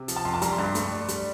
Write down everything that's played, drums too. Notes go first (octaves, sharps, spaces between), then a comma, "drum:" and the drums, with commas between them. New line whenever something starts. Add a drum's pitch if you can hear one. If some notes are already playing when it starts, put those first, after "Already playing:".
Already playing: C3
F3, drum: hi-hat
A5
F2 C6
A5
G3 A#5, drum: hi-hat
C6
G2
C6
A3, drum: hi-hat
D4
G3, drum: hi-hat